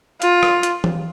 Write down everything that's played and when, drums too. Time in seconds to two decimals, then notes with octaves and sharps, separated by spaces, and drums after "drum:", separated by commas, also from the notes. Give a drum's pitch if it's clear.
0.22 F4, drum: hi-hat
0.43 drum: rim click
0.63 drum: hi-hat
0.84 drum: tom E3